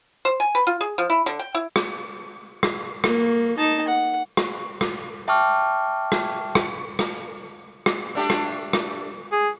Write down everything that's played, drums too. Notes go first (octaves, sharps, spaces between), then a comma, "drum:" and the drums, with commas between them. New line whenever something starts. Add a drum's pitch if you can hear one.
C5
G#5
B4
F4
G#4
F3
E4
D3
G5
E4
drum: rim click
drum: rim click
A#3, drum: rim click
D#4 A5
F#5
drum: rim click
drum: rim click
E5 G5 A5 C#6 D6 F6
drum: rim click
drum: rim click
drum: rim click
drum: rim click
A3 D4 G4
drum: rim click
drum: rim click
G#4